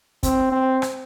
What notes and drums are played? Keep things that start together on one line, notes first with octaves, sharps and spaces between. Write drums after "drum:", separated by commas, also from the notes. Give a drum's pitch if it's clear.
C4, drum: kick, hi-hat
C4
drum: rim click